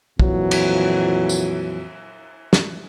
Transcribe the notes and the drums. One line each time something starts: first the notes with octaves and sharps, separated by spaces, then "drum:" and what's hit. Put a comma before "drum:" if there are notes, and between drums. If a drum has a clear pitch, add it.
F2 A#2 E3 F#3, drum: kick
drum: cymbal
drum: tambourine
drum: snare